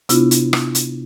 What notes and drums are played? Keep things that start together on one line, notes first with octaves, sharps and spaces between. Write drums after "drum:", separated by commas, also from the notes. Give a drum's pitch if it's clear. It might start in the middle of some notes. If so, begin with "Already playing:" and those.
C3 B3 D4 E4 F4, drum: hi-hat
drum: hi-hat
drum: rim click
drum: hi-hat